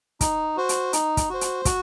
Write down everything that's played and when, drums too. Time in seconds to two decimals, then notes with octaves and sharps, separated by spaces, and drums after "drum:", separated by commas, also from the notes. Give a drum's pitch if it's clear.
0.21 D#4, drum: kick, hi-hat
0.57 F#4 C5
0.69 drum: hi-hat
0.93 D#4, drum: hi-hat
1.17 drum: kick, hi-hat
1.30 F#4 C5
1.41 drum: hi-hat
1.65 F#4, drum: kick, hi-hat